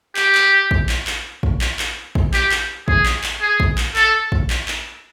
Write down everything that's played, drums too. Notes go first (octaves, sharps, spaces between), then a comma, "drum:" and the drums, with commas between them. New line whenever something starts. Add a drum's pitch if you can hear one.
G4, drum: clap
drum: clap
drum: kick
drum: clap
drum: clap
drum: kick
drum: clap
drum: clap
drum: kick
G4, drum: clap
drum: clap
G#4, drum: kick
drum: clap
drum: clap
G#4
drum: kick
drum: clap
A4, drum: clap
drum: kick
drum: clap
drum: clap